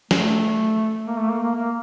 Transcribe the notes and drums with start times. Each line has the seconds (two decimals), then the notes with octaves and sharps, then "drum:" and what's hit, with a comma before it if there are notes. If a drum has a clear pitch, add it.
0.11 A3, drum: snare
1.06 A#3
1.19 A3
1.30 A#3
1.43 A#3
1.55 A#3